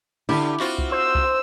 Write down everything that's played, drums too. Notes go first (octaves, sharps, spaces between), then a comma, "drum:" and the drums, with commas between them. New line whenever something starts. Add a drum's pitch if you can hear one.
D3 E4 G4
C4 F4 F#4, drum: clap
drum: kick C2
C5 E6
drum: kick C2